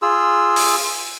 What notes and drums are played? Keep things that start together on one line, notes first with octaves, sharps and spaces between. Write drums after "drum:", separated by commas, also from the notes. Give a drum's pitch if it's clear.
F4 G#4 E6
drum: open hi-hat